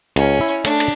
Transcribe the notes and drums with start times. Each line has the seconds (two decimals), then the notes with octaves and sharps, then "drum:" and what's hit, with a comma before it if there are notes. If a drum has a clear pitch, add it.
0.16 C#2 C#4, drum: cymbal
0.41 E4
0.64 A3 D4, drum: cymbal
0.80 drum: cymbal